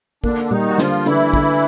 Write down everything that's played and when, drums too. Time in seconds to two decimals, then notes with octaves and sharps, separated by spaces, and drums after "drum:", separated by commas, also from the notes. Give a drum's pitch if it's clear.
0.24 D3 A#3 D4, drum: kick
0.44 D4
0.51 D#3 G3 D#4, drum: tom A#2
0.69 F#4
0.78 D3 F3 F4, drum: snare
1.06 D3 E3 E4, drum: hi-hat
1.33 D3, drum: kick